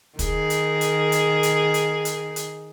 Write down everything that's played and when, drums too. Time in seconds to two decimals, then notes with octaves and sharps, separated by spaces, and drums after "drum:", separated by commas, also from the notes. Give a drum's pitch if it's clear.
0.19 D#3 G#4, drum: kick, hi-hat
0.50 drum: hi-hat
0.81 drum: hi-hat
1.12 drum: hi-hat
1.43 drum: hi-hat
1.74 drum: hi-hat
2.05 drum: hi-hat
2.36 drum: hi-hat